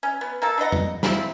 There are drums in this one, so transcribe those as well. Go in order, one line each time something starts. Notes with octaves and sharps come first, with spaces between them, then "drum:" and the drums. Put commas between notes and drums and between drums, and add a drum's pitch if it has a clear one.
C#4
B3
A#3 A4
D4 B4 D#5 F#5
drum: tom F2
F3 C4 E4 B5, drum: snare